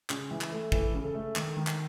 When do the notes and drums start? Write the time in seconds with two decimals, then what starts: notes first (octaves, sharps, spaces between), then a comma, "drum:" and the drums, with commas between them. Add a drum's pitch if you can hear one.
0.10 C#3, drum: clap
0.31 E3
0.41 drum: clap
0.52 A3
0.72 E3 A4, drum: kick
0.94 C#3
1.03 A4
1.14 A3
1.36 D#3, drum: clap
1.57 D#3
1.67 drum: clap